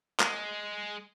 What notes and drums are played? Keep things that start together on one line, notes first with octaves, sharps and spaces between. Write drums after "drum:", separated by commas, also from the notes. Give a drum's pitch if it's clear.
G#3, drum: clap